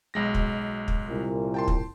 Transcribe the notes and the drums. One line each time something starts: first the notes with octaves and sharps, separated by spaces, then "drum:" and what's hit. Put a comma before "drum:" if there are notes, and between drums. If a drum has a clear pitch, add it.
B1 G#3 A#6
drum: kick
drum: kick
C2 A#2
G5 A5 C6
drum: kick